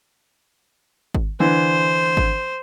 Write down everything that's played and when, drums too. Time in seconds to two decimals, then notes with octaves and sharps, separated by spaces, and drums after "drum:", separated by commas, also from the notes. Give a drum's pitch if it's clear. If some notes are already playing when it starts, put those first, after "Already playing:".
1.14 drum: kick G#1
1.40 D3 E3 C5
2.17 drum: kick G#1